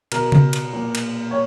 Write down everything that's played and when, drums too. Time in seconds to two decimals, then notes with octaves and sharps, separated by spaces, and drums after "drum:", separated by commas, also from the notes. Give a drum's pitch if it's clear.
0.12 B2 A#4, drum: cymbal
0.32 drum: tom C#3
0.53 drum: cymbal
0.73 A#2
0.95 drum: cymbal
1.31 C#5